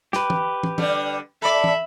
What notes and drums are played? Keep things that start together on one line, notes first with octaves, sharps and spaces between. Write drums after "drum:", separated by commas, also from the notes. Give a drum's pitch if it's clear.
G4 B4, drum: snare
drum: tom E3
drum: tom
D3 G3, drum: tom
A4 D5 E5 B5
drum: tom